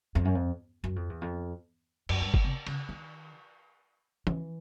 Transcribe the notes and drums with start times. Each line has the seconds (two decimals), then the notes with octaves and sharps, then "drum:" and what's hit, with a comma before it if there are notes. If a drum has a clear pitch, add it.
0.15 F2
0.25 F#2
0.35 F2
0.84 F#2
0.96 F2
1.10 E2
1.21 F2
2.09 F#2, drum: cymbal
2.21 G2
2.34 drum: kick F#1
2.44 C3
2.67 C#3, drum: cymbal
2.89 D#3
4.27 E3, drum: tom E3